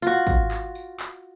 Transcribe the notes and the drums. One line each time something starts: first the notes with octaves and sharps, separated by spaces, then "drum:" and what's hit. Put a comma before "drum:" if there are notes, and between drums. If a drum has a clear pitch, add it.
F4 F#4, drum: tambourine
drum: kick, tambourine
drum: clap
drum: tambourine
drum: clap